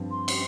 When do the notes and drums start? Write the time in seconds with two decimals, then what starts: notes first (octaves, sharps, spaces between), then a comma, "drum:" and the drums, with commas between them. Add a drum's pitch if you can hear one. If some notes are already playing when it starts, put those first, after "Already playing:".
Already playing: G2 F3 C4
0.11 C6
0.28 drum: cymbal